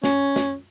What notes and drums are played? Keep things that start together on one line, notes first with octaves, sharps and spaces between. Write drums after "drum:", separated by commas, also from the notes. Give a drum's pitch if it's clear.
C#4, drum: snare
drum: snare